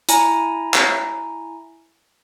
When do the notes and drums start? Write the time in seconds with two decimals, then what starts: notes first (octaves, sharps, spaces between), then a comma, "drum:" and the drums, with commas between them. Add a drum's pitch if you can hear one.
0.09 E4 G#5 A#5, drum: hi-hat
0.74 drum: clap